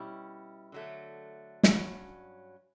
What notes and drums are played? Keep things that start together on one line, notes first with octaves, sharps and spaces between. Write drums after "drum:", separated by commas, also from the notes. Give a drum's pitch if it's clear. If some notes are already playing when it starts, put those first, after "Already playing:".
Already playing: B2 G3 C#4 E4
D3 F#3 A3
G2 F#3 C#4, drum: snare